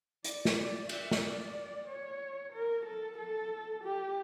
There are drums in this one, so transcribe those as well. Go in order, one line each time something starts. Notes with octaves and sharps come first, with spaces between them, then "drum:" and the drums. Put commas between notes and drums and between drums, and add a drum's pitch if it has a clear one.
D5, drum: hi-hat
drum: snare
D5
E5, drum: cymbal
drum: snare
D5
C#5
A#4
A4
A4
G4